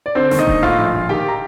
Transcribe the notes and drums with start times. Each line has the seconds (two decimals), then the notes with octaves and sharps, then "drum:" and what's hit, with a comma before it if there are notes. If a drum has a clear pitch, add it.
0.06 D5
0.15 D3 C4 C5
0.31 D#2, drum: snare
0.39 D#4 D#5
0.47 D#2, drum: kick D#1
0.63 A2 F4 F5
0.78 A#1
0.94 A#1
1.09 D#3 G4 G5
1.28 A#5